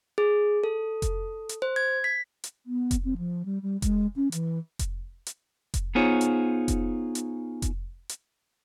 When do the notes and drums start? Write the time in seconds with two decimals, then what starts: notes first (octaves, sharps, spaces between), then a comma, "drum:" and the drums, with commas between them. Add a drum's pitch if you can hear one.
0.18 G#4
0.64 A4
1.02 drum: kick F1, hi-hat
1.49 drum: hi-hat
1.62 C5
1.76 G#6
2.04 B6
2.44 drum: hi-hat
2.66 B3
2.91 drum: kick F1, hi-hat
3.05 C4
3.17 F3
3.45 G3
3.62 G3
3.82 G#3, drum: kick F1, hi-hat
4.16 C#4
4.32 E3, drum: hi-hat
4.79 drum: kick F1, hi-hat
5.26 drum: hi-hat
5.74 drum: kick F1, hi-hat
5.95 B3 D#4 F4 G#4 C5 C#5
6.21 drum: hi-hat
6.68 drum: kick F1, hi-hat
7.15 drum: hi-hat
7.62 drum: kick F1, hi-hat
8.09 drum: hi-hat